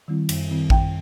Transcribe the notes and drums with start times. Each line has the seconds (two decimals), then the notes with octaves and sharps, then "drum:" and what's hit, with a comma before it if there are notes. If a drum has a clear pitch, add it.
0.08 D#3 G3 C4 E4
0.29 F#2, drum: cymbal
0.49 D#3 G3 C4 E4
0.70 F#2 G5, drum: kick A1